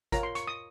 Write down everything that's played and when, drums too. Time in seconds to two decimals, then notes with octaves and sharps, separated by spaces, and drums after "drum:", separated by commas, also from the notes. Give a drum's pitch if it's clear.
0.12 F4 A#4 C#5 A#5, drum: kick G#1, hi-hat
0.23 C6
0.35 C#6, drum: hi-hat
0.47 D#6